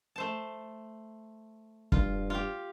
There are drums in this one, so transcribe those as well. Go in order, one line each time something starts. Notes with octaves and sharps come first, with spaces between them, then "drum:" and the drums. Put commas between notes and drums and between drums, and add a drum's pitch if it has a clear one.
A3 C5 A5
G2 F4, drum: kick
F4 G4